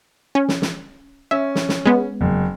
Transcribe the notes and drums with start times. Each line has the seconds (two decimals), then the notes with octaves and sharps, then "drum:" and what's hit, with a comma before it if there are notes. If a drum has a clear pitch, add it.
0.35 C#4
0.49 drum: snare
0.62 drum: snare
1.31 C#4 E5
1.55 drum: snare
1.69 drum: snare
1.86 G#3 B3
2.21 F#1